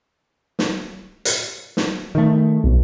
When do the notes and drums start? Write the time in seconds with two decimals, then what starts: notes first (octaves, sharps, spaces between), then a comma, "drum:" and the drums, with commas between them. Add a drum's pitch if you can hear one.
0.59 drum: snare
1.25 drum: hi-hat
1.77 drum: snare
2.15 D#3 A3
2.64 B1